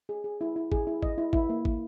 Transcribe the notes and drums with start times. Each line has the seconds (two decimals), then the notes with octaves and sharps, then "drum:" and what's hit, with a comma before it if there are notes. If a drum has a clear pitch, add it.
0.09 G#4
0.24 G#4
0.41 E4
0.56 E4
0.72 G#4, drum: kick
0.87 E4
1.02 D#5, drum: kick
1.18 E4
1.33 E4, drum: kick
1.49 A#3
1.65 E4, drum: kick